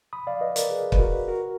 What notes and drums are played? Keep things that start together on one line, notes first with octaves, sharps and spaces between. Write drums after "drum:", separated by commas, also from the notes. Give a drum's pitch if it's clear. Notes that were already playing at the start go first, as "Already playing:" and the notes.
B5 D#6
D5 F5
B4 D#5
A#4 D5, drum: hi-hat
G#4 B4
B4, drum: kick
F#4 A#4
F#4 A#4